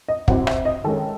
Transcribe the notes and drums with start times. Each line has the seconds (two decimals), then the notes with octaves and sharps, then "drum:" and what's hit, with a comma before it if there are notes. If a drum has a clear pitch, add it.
0.08 D#5
0.28 C3 F#3 C4 E4 F#5, drum: kick
0.47 E5, drum: rim click
0.65 D#5
0.84 D#3 G#3 C#4 A4